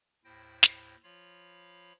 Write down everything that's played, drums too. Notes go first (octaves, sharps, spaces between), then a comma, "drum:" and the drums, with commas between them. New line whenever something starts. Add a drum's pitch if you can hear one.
D#2 A2 E4 C5 G5 A#6
drum: snare
F3 F4 C#5 F5 B5